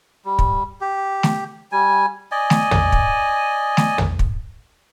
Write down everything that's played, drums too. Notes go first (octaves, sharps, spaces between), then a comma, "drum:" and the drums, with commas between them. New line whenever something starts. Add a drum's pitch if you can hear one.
G3
drum: kick
G4
drum: snare A3
G3 G#5
D5 D#5 G#5
drum: snare A3
drum: tom
drum: kick
drum: snare A3
drum: tom
drum: kick